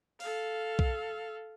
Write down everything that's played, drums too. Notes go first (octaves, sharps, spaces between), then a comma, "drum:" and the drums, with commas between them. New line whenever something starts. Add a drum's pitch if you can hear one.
A4 F5, drum: open hi-hat
drum: kick B1